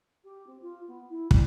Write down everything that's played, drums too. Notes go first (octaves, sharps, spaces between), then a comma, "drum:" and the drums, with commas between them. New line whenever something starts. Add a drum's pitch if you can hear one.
G4
C4
F4
B3
E4
G3, drum: kick